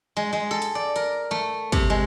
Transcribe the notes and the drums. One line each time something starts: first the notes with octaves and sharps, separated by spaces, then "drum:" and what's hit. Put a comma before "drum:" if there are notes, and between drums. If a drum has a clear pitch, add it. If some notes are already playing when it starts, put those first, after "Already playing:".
G#3
G#3
A4
drum: hi-hat
D5
A#4, drum: hi-hat
A3
C3, drum: kick, hi-hat
G#3